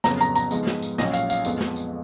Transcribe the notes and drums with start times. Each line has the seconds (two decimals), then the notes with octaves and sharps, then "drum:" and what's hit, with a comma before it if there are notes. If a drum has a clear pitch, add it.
0.04 F2 C#3 F#3 B3 A#5, drum: snare
0.21 A#5, drum: tambourine
0.36 A#5, drum: tambourine
0.51 G#2 F3 G#3 B3, drum: tambourine
0.67 drum: snare
0.83 drum: tambourine
0.98 A#1 A#2 F#3 C#4 D#5, drum: snare
1.14 F5, drum: tambourine
1.30 F5, drum: tambourine
1.45 F2 F3 G#3 B3, drum: tambourine
1.61 drum: snare
1.76 drum: tambourine